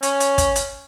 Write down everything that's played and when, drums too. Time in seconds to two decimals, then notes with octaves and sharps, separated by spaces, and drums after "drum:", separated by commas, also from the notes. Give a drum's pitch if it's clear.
0.03 C#4, drum: hi-hat
0.20 drum: hi-hat
0.38 drum: kick, hi-hat
0.56 drum: hi-hat